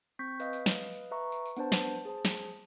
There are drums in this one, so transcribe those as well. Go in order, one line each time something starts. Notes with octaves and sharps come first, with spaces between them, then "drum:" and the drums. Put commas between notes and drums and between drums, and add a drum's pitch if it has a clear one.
C4 C#6 G6 B6
B4 D#5 F5, drum: tambourine
drum: tambourine
drum: snare
drum: tambourine
drum: tambourine
B4 E5 A#5 C#6
drum: tambourine
drum: tambourine
B3 D4 B4 C5 A5, drum: tambourine
drum: snare
drum: tambourine
G#4 C5 A5
drum: snare
drum: tambourine